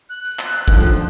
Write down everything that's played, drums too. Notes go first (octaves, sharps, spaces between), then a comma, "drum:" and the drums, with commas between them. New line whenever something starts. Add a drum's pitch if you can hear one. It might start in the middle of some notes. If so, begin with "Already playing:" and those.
F#6
drum: tambourine
drum: clap
drum: tambourine
D3 D#3 F3, drum: kick, tambourine